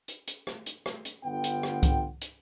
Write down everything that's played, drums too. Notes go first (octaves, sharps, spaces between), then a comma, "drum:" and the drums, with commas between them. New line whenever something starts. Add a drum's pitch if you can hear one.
drum: hi-hat
drum: hi-hat
drum: rim click
drum: hi-hat
drum: rim click
drum: hi-hat
G1 D3 B3 F4 F#5 G5
drum: hi-hat
drum: rim click
drum: kick C2, hi-hat
drum: hi-hat